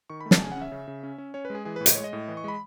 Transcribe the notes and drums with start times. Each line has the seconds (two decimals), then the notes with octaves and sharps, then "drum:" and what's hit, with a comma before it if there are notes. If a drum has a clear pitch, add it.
0.10 D#3 C#6
0.21 B5
0.26 A3
0.31 A5, drum: snare
0.41 C#3 G#5
0.52 F#5
0.56 C#4
0.62 E5
0.72 C#3
0.88 C#3
1.03 C#4
1.18 C#4
1.34 C#4 C#5
1.45 B4
1.50 G#3 G#4
1.65 E3 G#4
1.76 B4
1.81 A2
1.86 D#5, drum: hi-hat
1.95 G#3 C#5
2.04 D#5
2.13 A2
2.28 E3
2.37 C#6
2.44 G#3 B5